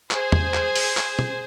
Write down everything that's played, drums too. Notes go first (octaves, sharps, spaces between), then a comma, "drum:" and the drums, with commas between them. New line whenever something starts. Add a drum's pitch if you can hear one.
G#4 C5, drum: clap
drum: tom E2
drum: clap
drum: open hi-hat
drum: clap
drum: tom